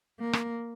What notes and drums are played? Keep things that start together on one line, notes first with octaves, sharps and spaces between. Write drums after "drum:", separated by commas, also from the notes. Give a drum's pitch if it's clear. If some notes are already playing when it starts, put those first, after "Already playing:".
A#3
drum: rim click